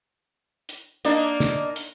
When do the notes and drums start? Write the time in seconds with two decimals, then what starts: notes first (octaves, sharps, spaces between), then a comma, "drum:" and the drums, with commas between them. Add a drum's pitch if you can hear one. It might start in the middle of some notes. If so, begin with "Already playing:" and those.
0.69 drum: hi-hat
1.05 A#3 D4 D#4, drum: hi-hat
1.40 drum: snare
1.76 drum: hi-hat